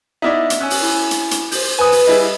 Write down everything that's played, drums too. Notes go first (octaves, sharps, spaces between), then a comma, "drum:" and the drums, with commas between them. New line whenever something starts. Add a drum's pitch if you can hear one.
B3 D#4 E4 D5 E5
drum: hi-hat
C#4 G#5 E6 F#6
drum: open hi-hat
E4 G#5
drum: hi-hat
drum: hi-hat
C5 G6, drum: open hi-hat
B4 G#5 D#6
drum: open hi-hat
G3 E4 G#4 D#5